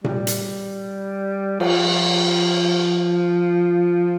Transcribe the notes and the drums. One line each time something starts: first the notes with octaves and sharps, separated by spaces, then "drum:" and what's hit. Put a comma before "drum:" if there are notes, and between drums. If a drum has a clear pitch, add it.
G3, drum: tom A#2
drum: hi-hat
F3, drum: cymbal